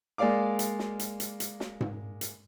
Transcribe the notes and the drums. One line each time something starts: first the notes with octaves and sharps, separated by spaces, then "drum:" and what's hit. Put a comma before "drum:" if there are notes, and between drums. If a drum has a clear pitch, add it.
G#3 A#3 D5 F5 D6
drum: hi-hat
drum: snare
drum: hi-hat
drum: hi-hat
drum: hi-hat
drum: snare
drum: tom G#2
drum: hi-hat